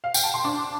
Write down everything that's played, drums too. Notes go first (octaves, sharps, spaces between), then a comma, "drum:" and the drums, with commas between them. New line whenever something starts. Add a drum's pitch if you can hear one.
F5
G5, drum: tambourine
A5
C6
D4 A5 D6